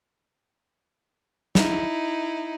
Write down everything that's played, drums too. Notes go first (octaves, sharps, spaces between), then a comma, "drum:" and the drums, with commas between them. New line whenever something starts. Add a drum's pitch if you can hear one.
D#4 E4, drum: snare